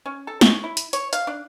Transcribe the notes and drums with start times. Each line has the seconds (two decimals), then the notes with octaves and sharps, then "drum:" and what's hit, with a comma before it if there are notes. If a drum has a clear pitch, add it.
0.06 C#4
0.27 A4
0.41 C#5, drum: snare
0.64 E4
0.77 drum: hi-hat
0.93 C#5, drum: hi-hat
1.13 F5, drum: hi-hat
1.27 D4